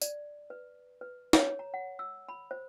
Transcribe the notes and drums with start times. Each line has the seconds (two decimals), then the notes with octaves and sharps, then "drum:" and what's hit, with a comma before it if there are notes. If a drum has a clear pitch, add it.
0.02 D5, drum: tambourine
0.50 B4
1.01 B4
1.33 C#5, drum: snare
1.59 A#5
1.74 F#5
1.99 E6
2.29 B5
2.51 C5